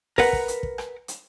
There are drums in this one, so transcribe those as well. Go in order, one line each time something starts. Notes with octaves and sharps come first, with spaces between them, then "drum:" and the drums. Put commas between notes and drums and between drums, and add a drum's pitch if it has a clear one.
A#4 B4 F#5, drum: kick, open hi-hat
drum: kick
drum: hi-hat
drum: kick
drum: rim click
drum: hi-hat